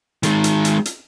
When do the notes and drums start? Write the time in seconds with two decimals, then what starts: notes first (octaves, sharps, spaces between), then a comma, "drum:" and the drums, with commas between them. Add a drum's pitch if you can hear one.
0.23 D#3 G#3, drum: hi-hat
0.44 drum: hi-hat
0.65 drum: hi-hat
0.85 drum: hi-hat